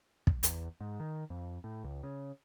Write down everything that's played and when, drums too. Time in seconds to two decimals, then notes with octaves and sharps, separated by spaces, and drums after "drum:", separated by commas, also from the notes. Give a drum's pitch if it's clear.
0.27 drum: kick
0.43 E2, drum: hi-hat
0.81 G#2
1.00 D#3
1.30 F2
1.64 A2
1.84 C#2
2.03 C#3